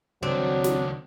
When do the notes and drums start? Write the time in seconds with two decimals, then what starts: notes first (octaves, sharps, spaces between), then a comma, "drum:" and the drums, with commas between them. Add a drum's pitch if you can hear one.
0.23 C#2 D#3 F#3 C4 D4
0.64 drum: snare